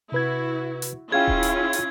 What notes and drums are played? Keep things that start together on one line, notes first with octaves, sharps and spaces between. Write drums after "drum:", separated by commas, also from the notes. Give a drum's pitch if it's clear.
C3 E4 F#4 B4 G#6
drum: hi-hat
C#4 E4 F4 G#4 F5 G5 G#6
drum: kick D#1
drum: hi-hat
drum: hi-hat